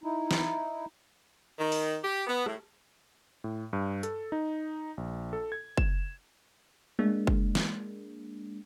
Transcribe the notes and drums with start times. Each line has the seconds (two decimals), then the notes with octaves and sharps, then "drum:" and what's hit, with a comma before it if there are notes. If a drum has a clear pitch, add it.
0.04 D#4 E4
0.31 drum: snare
1.59 D#3
1.72 drum: open hi-hat
2.04 G4
2.27 B3
2.46 A2, drum: rim click
3.44 A2
3.73 G2
4.03 A4, drum: hi-hat
4.32 D#4
4.97 A#1
5.33 A4
5.52 G#6
5.77 E7, drum: kick
6.99 G#3 A#3 D4, drum: tom G#3
7.27 drum: kick
7.55 drum: snare